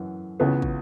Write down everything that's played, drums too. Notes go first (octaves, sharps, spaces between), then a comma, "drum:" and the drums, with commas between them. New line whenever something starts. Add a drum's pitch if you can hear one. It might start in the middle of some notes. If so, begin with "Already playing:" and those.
Already playing: F#2 E3
C#2 C#3 E3 B3
drum: kick